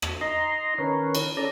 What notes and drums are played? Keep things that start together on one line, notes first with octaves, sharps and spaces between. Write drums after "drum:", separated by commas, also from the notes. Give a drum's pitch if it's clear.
drum: rim click
D#4 D#5 A#5 C6
D#3 C#4 A#4 B4 C#5
drum: cymbal
C#4 A4 D5 A#5